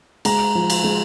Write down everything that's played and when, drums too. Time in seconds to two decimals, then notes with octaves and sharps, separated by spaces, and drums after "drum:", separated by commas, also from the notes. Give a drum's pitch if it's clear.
0.25 G#3 A#5, drum: cymbal
0.55 F3
0.70 drum: cymbal
0.84 G#3